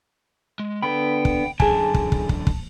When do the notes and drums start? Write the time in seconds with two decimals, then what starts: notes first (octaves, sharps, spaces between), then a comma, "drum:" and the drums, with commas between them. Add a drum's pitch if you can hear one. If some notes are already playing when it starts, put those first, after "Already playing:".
0.59 G#3
0.82 D3 B3 G5 B5
1.25 drum: kick
1.60 F#2 D3 G#4 G#5 A5, drum: kick
1.94 drum: kick
2.12 drum: kick
2.29 drum: kick
2.47 drum: kick